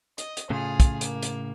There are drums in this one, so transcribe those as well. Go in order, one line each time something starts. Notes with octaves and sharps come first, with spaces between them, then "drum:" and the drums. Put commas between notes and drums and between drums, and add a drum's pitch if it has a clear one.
D#5, drum: hi-hat
drum: hi-hat
A2 C#3 F4 G#4
drum: kick, hi-hat
A#3, drum: hi-hat
drum: hi-hat